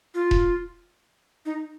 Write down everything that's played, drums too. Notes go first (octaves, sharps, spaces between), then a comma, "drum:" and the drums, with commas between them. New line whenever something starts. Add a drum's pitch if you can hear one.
F4
drum: kick E1
D#4